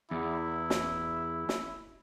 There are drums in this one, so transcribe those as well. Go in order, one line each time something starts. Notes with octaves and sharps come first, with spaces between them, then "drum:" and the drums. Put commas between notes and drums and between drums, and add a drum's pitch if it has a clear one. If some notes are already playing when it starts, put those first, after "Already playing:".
E2 E4
drum: snare
drum: snare